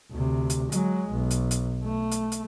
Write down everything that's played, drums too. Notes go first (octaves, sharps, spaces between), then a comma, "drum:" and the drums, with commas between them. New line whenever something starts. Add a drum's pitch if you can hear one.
D2 C3
drum: hi-hat
F#3 G#3, drum: hi-hat
B1
drum: hi-hat
drum: hi-hat
A3
drum: hi-hat
drum: hi-hat